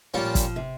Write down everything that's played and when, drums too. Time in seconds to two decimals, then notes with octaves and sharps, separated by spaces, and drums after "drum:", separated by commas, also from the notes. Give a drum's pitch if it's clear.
0.14 A#2 F3 G3 C#4 F4
0.35 drum: kick, hi-hat
0.56 C3